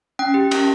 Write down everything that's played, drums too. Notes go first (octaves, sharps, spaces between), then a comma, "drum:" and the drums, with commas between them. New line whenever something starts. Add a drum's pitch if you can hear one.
C#4 G5
G4
C#4, drum: cymbal